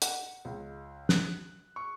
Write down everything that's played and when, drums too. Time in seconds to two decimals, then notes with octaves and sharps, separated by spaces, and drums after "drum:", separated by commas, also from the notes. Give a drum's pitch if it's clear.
0.02 F#5, drum: hi-hat
0.45 C#2
1.09 F#6, drum: snare
1.76 C#6